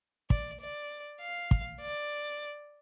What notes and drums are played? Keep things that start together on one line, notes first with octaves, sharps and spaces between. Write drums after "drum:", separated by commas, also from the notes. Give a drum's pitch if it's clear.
D5, drum: kick
D5
F5
drum: kick
D5